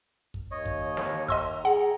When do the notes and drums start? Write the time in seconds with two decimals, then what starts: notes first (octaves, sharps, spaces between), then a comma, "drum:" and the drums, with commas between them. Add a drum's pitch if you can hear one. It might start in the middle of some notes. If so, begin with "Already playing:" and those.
0.34 drum: kick
0.51 D#2 C#5 D#5
0.66 drum: kick
0.97 drum: snare
1.28 D#5 A#5 C6 E6, drum: kick
1.65 G#4 F#5